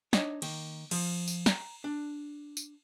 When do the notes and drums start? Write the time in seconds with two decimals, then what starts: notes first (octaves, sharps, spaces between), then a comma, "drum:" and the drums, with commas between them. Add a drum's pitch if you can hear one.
0.13 D4 D#4 C#5 D#5, drum: snare
0.42 D#3 A#3, drum: cymbal
0.91 F3, drum: cymbal
1.28 drum: tambourine
1.46 A#5, drum: snare
1.84 D4
2.57 drum: tambourine